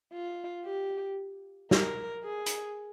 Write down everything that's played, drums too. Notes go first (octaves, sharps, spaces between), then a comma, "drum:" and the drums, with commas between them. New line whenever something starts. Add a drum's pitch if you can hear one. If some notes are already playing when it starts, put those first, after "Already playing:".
F4
G4
A#4, drum: snare
G#4
drum: hi-hat